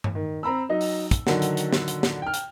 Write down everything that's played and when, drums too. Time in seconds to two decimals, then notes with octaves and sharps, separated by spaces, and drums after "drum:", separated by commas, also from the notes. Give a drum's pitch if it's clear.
0.04 drum: tom G2
0.15 D#3
0.43 C4 A#5 B5 E6
0.69 F#3 D#4 D#5
0.81 drum: open hi-hat
1.11 drum: kick, hi-hat
1.27 D3 D#3 F#3 F#5, drum: snare
1.42 drum: hi-hat
1.57 drum: hi-hat
1.73 drum: snare
1.88 drum: hi-hat
2.03 drum: snare
2.22 G5 F6
2.34 drum: hi-hat